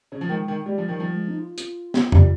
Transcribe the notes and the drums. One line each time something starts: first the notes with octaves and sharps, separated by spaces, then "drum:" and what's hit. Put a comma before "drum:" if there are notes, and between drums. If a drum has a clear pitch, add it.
C#3
F3
D#3 G#3
D#3
G3 G#3
F3
D#3 G3
F3
G#3
D#4
F4
drum: hi-hat
drum: snare
G3, drum: tom F2